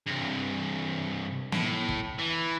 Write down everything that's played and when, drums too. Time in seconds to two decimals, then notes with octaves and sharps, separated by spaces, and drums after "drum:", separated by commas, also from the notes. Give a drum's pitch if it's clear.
0.07 C2 G2
1.52 A2, drum: snare
1.89 drum: kick
2.19 E3